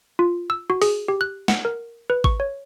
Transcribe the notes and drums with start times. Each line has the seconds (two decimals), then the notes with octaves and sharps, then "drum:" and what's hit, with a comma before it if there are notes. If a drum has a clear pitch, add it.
0.19 F4
0.50 E6
0.70 F#4
0.82 G#4, drum: open hi-hat
1.08 G4
1.21 F#6
1.48 F#5, drum: snare
1.65 A#4
2.10 B4
2.24 C#6, drum: kick G#1
2.40 C#5